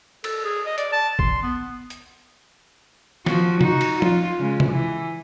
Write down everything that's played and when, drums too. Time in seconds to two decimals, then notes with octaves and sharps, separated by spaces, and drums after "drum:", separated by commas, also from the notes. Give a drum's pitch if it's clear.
0.24 A4, drum: cymbal
0.45 G#4
0.66 D#5
0.78 D5, drum: hi-hat
0.92 A5
1.19 C6, drum: kick
1.43 B3
1.90 drum: hi-hat
3.26 F3 F#4, drum: snare
3.61 D#4 F#4, drum: tom C3
3.81 drum: cymbal
4.02 F4, drum: tom F3
4.39 C#3 G#3
4.60 drum: tom C3
4.71 E3